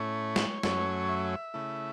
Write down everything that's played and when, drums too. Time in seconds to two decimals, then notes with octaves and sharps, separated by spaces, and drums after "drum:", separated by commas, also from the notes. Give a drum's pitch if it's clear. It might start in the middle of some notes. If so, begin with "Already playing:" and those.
Already playing: A2 A3 C#4 E4 C#5
0.36 drum: snare
0.63 F#2 F#3 A3 C#4, drum: snare
1.09 E5
1.54 C#3 A3 E4